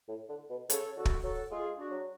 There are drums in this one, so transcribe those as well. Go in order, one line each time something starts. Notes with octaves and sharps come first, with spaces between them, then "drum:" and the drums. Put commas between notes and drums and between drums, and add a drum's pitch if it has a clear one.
A2
D3
B2
C#3 A4 C#5, drum: hi-hat
D3 F#4 A4
drum: kick
F#3 F#4 A4
G#3 F4 G#4
D4 F#4
F#3